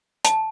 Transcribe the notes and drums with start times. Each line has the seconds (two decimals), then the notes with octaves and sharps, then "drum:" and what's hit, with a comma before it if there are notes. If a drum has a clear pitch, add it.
0.25 A5, drum: hi-hat